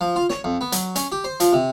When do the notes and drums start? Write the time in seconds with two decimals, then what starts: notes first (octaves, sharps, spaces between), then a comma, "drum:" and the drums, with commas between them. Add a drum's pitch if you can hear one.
0.01 F3
0.16 F4
0.30 C#5, drum: snare
0.44 F2
0.61 B3
0.72 F#3, drum: hi-hat
0.96 C#4, drum: hi-hat
1.12 G4
1.24 C5
1.40 F3, drum: hi-hat
1.53 C3